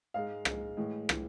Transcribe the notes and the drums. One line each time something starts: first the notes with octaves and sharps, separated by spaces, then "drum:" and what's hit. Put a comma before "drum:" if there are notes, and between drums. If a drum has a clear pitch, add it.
G#2 G#3 F5
G#3, drum: rim click
G#2
A2 E3 G#3
A2 E3 G#3, drum: rim click